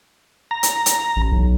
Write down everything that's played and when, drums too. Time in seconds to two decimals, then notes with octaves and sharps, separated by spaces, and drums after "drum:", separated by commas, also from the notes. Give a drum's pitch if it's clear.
0.51 A#5
0.63 drum: hi-hat
0.86 drum: hi-hat
1.16 A1
1.32 B1